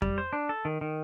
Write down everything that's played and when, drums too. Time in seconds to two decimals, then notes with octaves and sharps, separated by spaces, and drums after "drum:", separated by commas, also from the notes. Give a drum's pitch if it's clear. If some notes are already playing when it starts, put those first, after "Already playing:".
0.02 G3, drum: kick F2
0.18 C5
0.33 D4
0.49 A4
0.65 D#3
0.81 D#3